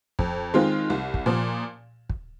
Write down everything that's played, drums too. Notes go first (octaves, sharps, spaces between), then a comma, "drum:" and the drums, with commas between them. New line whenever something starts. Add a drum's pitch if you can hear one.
F2, drum: kick
D#3 G#3 C4 F4
C2
drum: kick
A#2 F3
drum: kick